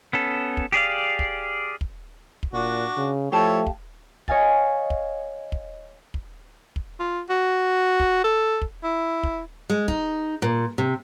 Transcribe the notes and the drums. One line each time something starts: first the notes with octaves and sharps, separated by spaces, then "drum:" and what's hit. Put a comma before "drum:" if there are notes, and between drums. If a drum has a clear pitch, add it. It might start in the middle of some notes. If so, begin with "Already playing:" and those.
B3 C#4 A4
drum: kick
G4 G#4 D5 F5
drum: kick
drum: kick
drum: kick
A#2 D4 F#4
C#3
F3 A3 E4 G4 A4 C#5 F5 A5
drum: kick
C#5 D#5 F5 G#5 A6, drum: kick
drum: kick
drum: kick
drum: kick
drum: kick
F4
F#4
drum: kick
A4
drum: kick
E4
drum: kick
G#3
D#4, drum: kick
A#2
C3